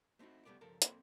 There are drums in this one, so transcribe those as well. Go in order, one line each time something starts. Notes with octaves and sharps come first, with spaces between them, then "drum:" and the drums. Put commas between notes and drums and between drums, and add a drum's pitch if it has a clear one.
A3 C4 D#4 E4 F#4
C#2 G3 A3 B3 D5
C#2 G2 F3 A4 A#4 A#5
B1 A#3 C4 A4 B5 C6, drum: hi-hat